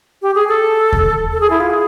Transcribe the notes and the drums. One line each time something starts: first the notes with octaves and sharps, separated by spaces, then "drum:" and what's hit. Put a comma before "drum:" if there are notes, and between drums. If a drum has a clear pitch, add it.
G4
G#4
A4
drum: kick D#2
A4
G#4
E4
F4
G#4